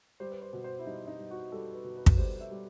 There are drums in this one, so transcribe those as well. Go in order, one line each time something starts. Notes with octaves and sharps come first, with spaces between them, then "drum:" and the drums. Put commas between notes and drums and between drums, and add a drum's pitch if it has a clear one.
G3 C5
B4
C5
B2
C5
E4
G3 D#4
D#4
G3
F#4
G3 A4
B4
B2
B4
drum: kick
G3 C5
E5
G3